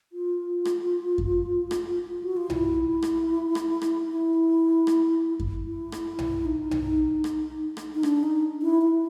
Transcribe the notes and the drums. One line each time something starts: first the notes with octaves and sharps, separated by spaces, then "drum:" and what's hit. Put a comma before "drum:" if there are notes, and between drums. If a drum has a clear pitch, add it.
F4
drum: rim click
drum: kick F#2
drum: rim click
F#4
F4
E4, drum: tom B1
drum: rim click
drum: rim click
drum: rim click
E4
drum: rim click
drum: kick F#2
E4
drum: rim click
drum: tom B1
D#4
drum: tom B1
drum: rim click
drum: rim click
D#4
D4, drum: rim click
D#4
E4
E4